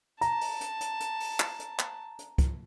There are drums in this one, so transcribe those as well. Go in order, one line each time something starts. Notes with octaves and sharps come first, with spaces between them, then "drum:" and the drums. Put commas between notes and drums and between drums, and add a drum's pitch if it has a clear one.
A5 A#5, drum: hi-hat
drum: open hi-hat
drum: hi-hat
drum: hi-hat
drum: hi-hat
drum: open hi-hat
drum: clap
drum: hi-hat
drum: clap
drum: hi-hat
drum: kick, hi-hat